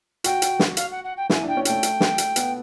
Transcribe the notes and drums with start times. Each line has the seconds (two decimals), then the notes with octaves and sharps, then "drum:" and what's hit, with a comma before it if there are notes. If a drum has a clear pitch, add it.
0.24 F#4 G5, drum: hi-hat
0.42 drum: hi-hat
0.59 drum: snare
0.77 F5, drum: hi-hat
0.91 F#5
1.04 F#5
1.17 G5
1.30 E4 G#5, drum: snare
1.43 D4 G5
1.57 C#4
1.65 A3 G5, drum: hi-hat
1.83 drum: hi-hat
2.00 drum: snare
2.18 drum: hi-hat
2.36 B3, drum: hi-hat